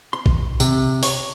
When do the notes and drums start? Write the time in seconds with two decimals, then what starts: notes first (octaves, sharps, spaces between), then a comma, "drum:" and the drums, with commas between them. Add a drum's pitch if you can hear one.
0.13 C6
0.26 drum: kick
0.60 C3, drum: tambourine
1.03 C#5, drum: open hi-hat